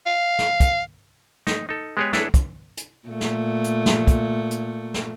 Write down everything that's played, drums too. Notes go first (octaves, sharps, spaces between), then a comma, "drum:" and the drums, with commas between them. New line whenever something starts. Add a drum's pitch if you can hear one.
F5
drum: snare
drum: kick, hi-hat
D#4, drum: snare
D#4 A4
G#3 B3 G4 G#4 B4 C#5
D4 E4 G#4 A4 B4 C#5, drum: snare
drum: kick, hi-hat
drum: hi-hat
A#2 A3
drum: snare
drum: hi-hat
drum: snare
drum: kick, hi-hat
drum: hi-hat
drum: snare